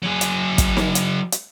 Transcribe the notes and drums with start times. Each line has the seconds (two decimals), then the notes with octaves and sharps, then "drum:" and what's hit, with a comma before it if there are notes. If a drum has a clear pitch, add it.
0.02 F#3 G#4
0.21 drum: hi-hat
0.58 drum: kick, hi-hat
0.77 drum: snare
0.95 drum: hi-hat
1.32 drum: hi-hat